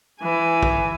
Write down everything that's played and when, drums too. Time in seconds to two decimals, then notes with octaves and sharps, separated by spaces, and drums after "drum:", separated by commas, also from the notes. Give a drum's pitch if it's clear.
0.21 E3 G#5
0.63 drum: kick